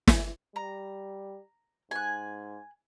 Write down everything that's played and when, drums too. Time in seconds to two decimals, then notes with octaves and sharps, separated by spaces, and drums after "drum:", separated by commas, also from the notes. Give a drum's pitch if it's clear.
0.07 drum: snare
0.56 G3 A#5
1.91 G#2 G#5 F#6